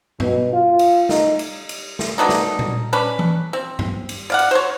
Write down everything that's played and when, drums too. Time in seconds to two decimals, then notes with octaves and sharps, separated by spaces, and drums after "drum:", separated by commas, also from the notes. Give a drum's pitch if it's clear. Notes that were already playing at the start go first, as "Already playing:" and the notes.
0.20 B2, drum: tom G2
0.53 F4
0.79 drum: cymbal
1.09 D#4, drum: snare
1.39 drum: cymbal
1.69 drum: cymbal
1.99 drum: snare
2.18 F#3 B3 D4 D#4
2.29 drum: snare
2.59 drum: tom A#2
2.93 C#4 D4 B4
3.19 drum: tom E3
3.53 C4
3.79 drum: tom G2
4.09 drum: cymbal
4.30 D5 F5 F#5
4.39 drum: cymbal
4.51 C5 C#5